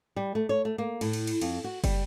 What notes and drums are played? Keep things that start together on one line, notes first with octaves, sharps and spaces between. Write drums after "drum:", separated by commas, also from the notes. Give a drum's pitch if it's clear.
G3
A3
C#5
A3
A#3
A2, drum: cymbal
drum: cymbal
drum: cymbal
F2, drum: cymbal
F#4
G3, drum: kick, cymbal